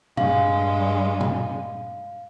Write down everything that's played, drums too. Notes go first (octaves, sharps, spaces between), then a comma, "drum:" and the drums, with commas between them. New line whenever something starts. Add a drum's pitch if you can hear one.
G2 G#3 F5, drum: tom
drum: tom